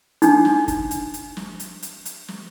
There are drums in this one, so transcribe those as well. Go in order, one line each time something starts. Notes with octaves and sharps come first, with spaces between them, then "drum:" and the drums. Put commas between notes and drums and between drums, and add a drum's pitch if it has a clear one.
D4 D#4, drum: hi-hat
drum: snare
drum: kick G1, hi-hat
drum: hi-hat
drum: hi-hat
drum: snare
drum: hi-hat
drum: hi-hat
drum: hi-hat
drum: snare